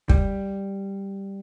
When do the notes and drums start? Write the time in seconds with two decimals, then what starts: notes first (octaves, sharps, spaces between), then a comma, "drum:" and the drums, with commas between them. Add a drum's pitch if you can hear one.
0.09 G3, drum: kick